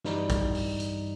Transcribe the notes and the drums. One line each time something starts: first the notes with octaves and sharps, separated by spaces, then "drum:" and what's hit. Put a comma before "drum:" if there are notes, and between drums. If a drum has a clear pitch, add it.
G2 E3 G3 D#4, drum: snare
drum: kick, hi-hat
drum: open hi-hat
drum: hi-hat